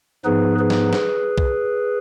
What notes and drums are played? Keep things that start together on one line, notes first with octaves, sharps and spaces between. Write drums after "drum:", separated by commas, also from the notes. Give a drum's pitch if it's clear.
G#2 F3 B3 D#4 G#4 B4
G#4 B4
drum: snare
drum: snare
drum: kick B1